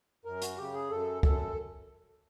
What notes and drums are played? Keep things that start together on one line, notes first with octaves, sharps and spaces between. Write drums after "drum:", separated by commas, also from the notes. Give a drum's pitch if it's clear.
F#2 A#4
F#4, drum: hi-hat
C#3 G4
G#4
F#2 A4
F#2 A4, drum: kick